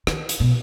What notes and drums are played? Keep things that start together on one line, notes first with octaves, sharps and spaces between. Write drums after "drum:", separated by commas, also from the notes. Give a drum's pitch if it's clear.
D#3, drum: rim click
drum: hi-hat
B2